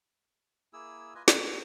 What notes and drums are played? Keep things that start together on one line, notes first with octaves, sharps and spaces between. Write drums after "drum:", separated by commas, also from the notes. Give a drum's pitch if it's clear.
A#3 E4 G#4 E6
F4 B4 D#5 G#5
C#5 F#5 G#5, drum: snare